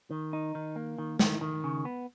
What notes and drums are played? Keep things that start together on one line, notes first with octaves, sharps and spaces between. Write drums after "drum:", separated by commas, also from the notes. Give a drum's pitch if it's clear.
D#3
D#4
D#3
A#3
D#3
D#3, drum: snare
D#3
C#3
B3